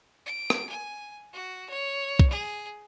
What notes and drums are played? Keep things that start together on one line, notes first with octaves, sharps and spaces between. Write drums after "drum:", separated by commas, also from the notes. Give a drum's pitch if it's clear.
D7
drum: rim click
G#5
F#4
C#5
drum: kick
G#4